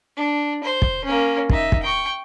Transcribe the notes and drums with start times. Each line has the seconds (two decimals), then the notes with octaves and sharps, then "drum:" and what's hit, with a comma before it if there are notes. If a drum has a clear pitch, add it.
0.16 D4
0.64 C5
0.82 drum: kick
1.04 A#3 C#4
1.50 D#4 E5, drum: kick
1.72 drum: kick
1.83 G5 C#6